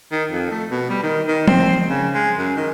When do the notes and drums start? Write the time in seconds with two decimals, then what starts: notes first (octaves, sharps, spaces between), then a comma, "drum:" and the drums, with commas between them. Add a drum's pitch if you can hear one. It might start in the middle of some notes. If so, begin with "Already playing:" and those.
0.12 D#3
0.30 F2
0.51 A3
0.70 B2
0.90 G3
1.03 D#3
1.28 D#3
1.48 C4, drum: tom F3
1.90 C#3
2.14 G#3
2.38 F#2
2.56 D#3